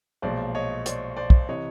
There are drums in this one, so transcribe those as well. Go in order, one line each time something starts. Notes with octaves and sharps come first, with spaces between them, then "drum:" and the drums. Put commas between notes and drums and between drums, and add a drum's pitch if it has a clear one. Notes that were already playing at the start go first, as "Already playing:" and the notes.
B1 A#2 F3 G#3 C5 D5
C#5 D#5
C5 D5, drum: hi-hat
C5 D5
drum: kick
C3 E3 C#5 D#5